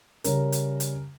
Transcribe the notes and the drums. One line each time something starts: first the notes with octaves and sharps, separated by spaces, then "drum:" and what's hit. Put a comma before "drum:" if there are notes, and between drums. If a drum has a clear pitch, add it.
C#3 G3 C#4 A#4, drum: hi-hat
drum: hi-hat
drum: hi-hat